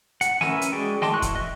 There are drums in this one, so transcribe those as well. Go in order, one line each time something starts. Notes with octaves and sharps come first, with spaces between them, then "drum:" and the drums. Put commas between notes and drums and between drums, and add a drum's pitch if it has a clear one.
F#5, drum: hi-hat
C#4 A#4 B4 E5 G#5, drum: snare
drum: hi-hat
G#3 F#4 G#4 D5 G5
D#5 G5 A5 C6 D6, drum: snare
E3 C#6 F#6
drum: kick E1, hi-hat
D#5 E5